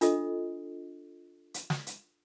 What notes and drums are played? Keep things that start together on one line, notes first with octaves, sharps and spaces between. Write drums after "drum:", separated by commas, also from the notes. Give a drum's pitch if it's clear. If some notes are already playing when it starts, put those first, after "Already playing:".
D4 F4 A4 D#5, drum: hi-hat
drum: hi-hat
drum: snare
drum: hi-hat